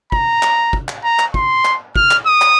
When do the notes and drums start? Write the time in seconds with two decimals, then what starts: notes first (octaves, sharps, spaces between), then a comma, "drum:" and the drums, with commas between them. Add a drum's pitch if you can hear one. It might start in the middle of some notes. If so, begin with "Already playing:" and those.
0.12 A#5, drum: kick
0.43 drum: clap
0.73 drum: kick
0.88 drum: clap
1.04 A#5
1.19 drum: clap
1.34 C6, drum: kick
1.65 drum: clap
1.96 F6, drum: kick
2.11 drum: clap
2.26 D#6
2.42 drum: clap